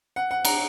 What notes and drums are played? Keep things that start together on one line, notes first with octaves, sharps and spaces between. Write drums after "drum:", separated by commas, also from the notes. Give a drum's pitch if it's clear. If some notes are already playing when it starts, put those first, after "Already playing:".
F#5
F#5
A#5, drum: cymbal